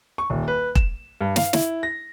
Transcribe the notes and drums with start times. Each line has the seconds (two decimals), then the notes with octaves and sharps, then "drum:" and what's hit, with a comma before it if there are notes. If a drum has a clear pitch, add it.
0.18 C#6
0.30 D#1
0.48 B4
0.75 E7, drum: kick
1.21 G2
1.36 F5, drum: snare
1.53 E4, drum: snare
1.83 A#6